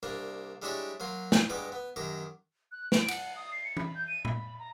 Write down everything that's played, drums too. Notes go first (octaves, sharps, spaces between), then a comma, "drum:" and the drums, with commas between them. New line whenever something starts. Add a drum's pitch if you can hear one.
C2 A#3 D4
G3 G#3 D4 E4 G4 C#5
F#3 A#3 C6
drum: snare
G2 G3 G#3 B3 D6
B3
F#2 D#3 G4 A#5
F#6
D7, drum: snare
F#5, drum: cymbal
D#6
C7
C#7
B5, drum: tom
G6
D#7
B5, drum: tom A#2
A#5